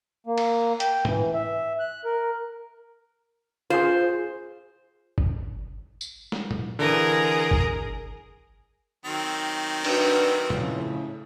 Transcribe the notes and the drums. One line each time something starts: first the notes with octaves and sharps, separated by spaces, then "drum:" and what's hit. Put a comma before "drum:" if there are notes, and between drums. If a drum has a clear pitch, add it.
A#3
drum: cymbal
G5, drum: hi-hat
E3, drum: tom G#2
E5
F#6
A#4
F4 G#4 C5
drum: kick G1
drum: tambourine
drum: snare
drum: tom A#2
D3 E3 G#4 A#4
drum: kick G1
D#3 F#3 C4
D4 F#4 B4, drum: cymbal
F2 A2 C#3, drum: tom A#2